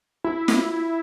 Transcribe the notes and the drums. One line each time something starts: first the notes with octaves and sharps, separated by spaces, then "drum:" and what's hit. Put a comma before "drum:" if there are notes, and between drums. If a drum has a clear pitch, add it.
E4
drum: snare